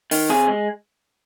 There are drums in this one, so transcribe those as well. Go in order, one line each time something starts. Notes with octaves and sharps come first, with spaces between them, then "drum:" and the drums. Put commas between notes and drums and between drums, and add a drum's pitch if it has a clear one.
D#3, drum: open hi-hat
C3 G#4
G#3